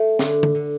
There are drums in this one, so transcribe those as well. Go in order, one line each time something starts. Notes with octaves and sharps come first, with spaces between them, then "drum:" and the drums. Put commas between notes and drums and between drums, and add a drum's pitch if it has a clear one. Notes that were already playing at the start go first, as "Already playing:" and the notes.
Already playing: A3
D3, drum: snare
drum: tom
D3